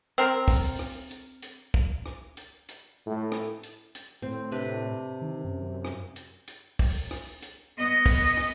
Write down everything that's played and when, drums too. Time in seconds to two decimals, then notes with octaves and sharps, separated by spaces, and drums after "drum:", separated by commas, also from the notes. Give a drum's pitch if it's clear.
0.18 C4 A#4
0.48 drum: kick, open hi-hat
0.79 drum: rim click
1.11 drum: hi-hat
1.42 drum: hi-hat
1.74 drum: kick
2.06 drum: rim click
2.37 drum: hi-hat
2.69 drum: hi-hat
3.06 A2
3.32 drum: rim click
3.64 drum: hi-hat
3.95 drum: hi-hat
4.22 A2 C4
4.52 C3 D4 B4
5.21 D#3
5.44 F#2
5.85 drum: rim click
6.16 drum: hi-hat
6.48 drum: hi-hat
6.79 drum: kick, open hi-hat
7.11 drum: rim click
7.43 drum: hi-hat
7.78 B3 D#5
8.06 drum: kick, open hi-hat
8.37 drum: rim click